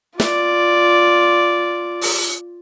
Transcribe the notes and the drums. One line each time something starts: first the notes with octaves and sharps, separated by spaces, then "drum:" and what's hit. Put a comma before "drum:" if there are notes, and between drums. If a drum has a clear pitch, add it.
F4 D5, drum: snare
drum: open hi-hat